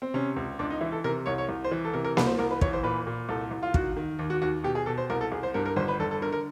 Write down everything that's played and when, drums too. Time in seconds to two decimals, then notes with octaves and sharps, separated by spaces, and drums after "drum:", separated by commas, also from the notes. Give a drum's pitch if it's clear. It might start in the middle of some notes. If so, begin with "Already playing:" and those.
0.02 C4
0.14 C3 C#4
0.36 C#2
0.59 C#2 D4
0.70 D#4
0.81 E3 E4
0.92 A4
1.04 C3 A#4
1.26 C2 C#5
1.38 C#5
1.49 C2
1.64 C5
1.71 E3
1.85 A4
1.93 C3 A#4
2.05 A#4
2.17 C2 B4, drum: snare A#3
2.27 C5
2.39 C2 A#4
2.51 B4
2.61 E3 C#5, drum: kick
2.73 C5
2.83 A#2 B4
3.07 A#2
3.29 C2 A4
3.51 C2
3.63 F4
3.74 D#3 F#4, drum: kick
3.97 D#3
4.19 D#2
4.30 F#4
4.42 D#2 F#4
4.64 B2 G4
4.75 G#4
4.86 B2 A4
4.98 C5
5.10 C2 A#4
5.21 A4
5.32 C2 G#4
5.43 C5
5.54 G2 A#4
5.66 A#4
5.76 G1 C5
5.88 B4
6.00 G1 A4
6.11 A4
6.22 D3 A#4
6.32 A#4